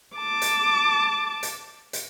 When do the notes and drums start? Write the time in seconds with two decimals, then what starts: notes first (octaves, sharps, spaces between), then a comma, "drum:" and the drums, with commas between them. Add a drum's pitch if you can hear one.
0.16 A5 D6
0.42 drum: hi-hat
1.43 drum: hi-hat
1.93 drum: hi-hat